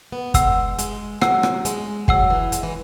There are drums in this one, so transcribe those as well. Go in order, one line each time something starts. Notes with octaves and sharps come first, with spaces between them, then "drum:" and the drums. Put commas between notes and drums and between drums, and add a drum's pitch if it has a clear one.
B3
G#3 F#5 E6, drum: kick, hi-hat
G#3, drum: hi-hat
F#3 F#5 E6, drum: rim click
drum: rim click
G#3, drum: hi-hat
F#3 F#5 E6, drum: kick
E3
G#3, drum: hi-hat
E3